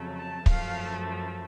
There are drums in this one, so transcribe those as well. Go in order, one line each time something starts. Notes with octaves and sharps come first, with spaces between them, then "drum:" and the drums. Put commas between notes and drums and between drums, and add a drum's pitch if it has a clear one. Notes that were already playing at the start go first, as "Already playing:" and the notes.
Already playing: F2 C#3 F#3 A3
A5
F#2 F3 A3 F5, drum: kick